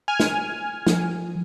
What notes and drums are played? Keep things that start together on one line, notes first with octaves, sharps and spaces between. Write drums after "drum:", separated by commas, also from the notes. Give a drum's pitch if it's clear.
G#5 F6
drum: snare
F3, drum: snare